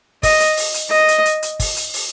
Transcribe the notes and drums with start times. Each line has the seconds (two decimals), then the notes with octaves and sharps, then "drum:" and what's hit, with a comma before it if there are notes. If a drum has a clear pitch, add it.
0.23 D#5, drum: kick, open hi-hat
0.40 drum: hi-hat
0.57 drum: open hi-hat
0.74 drum: hi-hat
0.91 D#5
1.08 drum: hi-hat
1.25 drum: hi-hat
1.42 drum: hi-hat
1.60 drum: kick, open hi-hat
1.77 drum: hi-hat
1.94 drum: open hi-hat